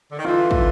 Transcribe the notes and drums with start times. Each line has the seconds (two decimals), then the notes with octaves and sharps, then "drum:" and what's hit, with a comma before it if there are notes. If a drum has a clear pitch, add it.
0.11 D3
0.18 D#3
0.25 D3 E3 F4
0.51 drum: kick